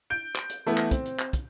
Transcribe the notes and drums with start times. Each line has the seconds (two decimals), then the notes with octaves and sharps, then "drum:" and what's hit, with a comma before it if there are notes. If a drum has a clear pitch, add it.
0.10 G6 D7
0.36 drum: clap
0.50 drum: hi-hat
0.66 E3 A3 B3 E4
0.77 drum: clap
0.91 C4, drum: kick, hi-hat
1.05 drum: hi-hat
1.19 drum: clap
1.33 drum: kick, hi-hat